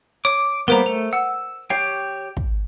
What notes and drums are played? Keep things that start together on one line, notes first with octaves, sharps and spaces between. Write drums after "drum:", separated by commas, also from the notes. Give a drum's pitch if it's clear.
C#5 D6
G3 A#3 B3 A#4 C5 A#5
A3 F7
F#5 E6
G4 C#5 G5 C7
drum: kick